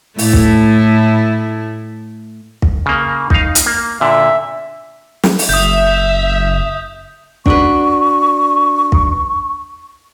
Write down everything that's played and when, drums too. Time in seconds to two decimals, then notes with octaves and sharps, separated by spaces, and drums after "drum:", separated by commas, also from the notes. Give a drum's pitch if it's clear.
0.18 A2 A3 E4, drum: open hi-hat
0.33 drum: kick
2.62 drum: kick
2.86 C#3 A#3
3.30 D#4 F5, drum: kick
3.55 drum: hi-hat
3.66 A#3
4.01 A#2 D3 E5
5.24 drum: snare
5.39 drum: open hi-hat
5.49 F#1 E5 D#6 G6
7.46 D4 F#4 B4 C#6, drum: kick
8.92 drum: kick